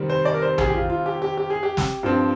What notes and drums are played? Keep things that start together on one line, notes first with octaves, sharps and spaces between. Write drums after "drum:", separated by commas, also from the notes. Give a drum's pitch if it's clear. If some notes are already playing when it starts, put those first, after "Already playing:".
Already playing: C3 D#3 G3 C4
C5
D5
A#4
C5
G#4, drum: tom
G4
F4
F4
G4
G4
G4
G#4
G4
drum: snare
G2 F3 C4